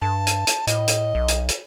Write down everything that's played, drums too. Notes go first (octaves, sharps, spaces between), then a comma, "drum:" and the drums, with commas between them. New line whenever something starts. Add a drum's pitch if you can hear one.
G2 A5
drum: hi-hat
drum: hi-hat
A2 D#5, drum: hi-hat
drum: hi-hat
B1
drum: hi-hat
drum: hi-hat